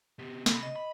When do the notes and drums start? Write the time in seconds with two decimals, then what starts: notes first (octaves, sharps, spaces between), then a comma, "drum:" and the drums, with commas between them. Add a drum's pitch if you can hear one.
0.19 B2 G4
0.46 C3 B5, drum: snare
0.63 D#5
0.76 B5